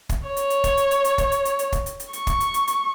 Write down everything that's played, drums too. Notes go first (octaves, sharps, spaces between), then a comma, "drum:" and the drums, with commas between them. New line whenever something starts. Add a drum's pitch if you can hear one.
drum: kick, hi-hat
C#5
drum: hi-hat
drum: hi-hat
drum: kick, hi-hat
drum: hi-hat
drum: hi-hat
drum: hi-hat
drum: kick, hi-hat
drum: hi-hat
drum: hi-hat
drum: hi-hat
drum: kick, hi-hat
drum: hi-hat
drum: hi-hat
C#6, drum: hi-hat
drum: kick, hi-hat
drum: hi-hat
drum: hi-hat
drum: hi-hat